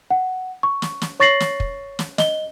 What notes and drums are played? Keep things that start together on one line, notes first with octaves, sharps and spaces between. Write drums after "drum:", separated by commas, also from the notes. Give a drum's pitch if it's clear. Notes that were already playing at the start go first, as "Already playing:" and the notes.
F#5
C#6
drum: snare
drum: snare
C#5 C#6 A6 A#6 C7 F#7
drum: snare
drum: kick
drum: snare
D#5 G7, drum: snare